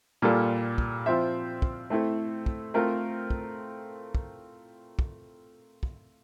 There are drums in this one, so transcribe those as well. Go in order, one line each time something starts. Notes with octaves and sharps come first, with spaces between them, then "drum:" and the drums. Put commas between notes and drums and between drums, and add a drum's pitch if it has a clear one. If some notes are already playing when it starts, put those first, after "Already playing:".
A#2 G3 A#3 F4 A4
drum: kick
F3 C4 F4 C5 E5
drum: kick
A3 C4 E4 A4
drum: kick
A3 C4 F4 A#4
drum: kick
drum: kick
drum: kick
drum: kick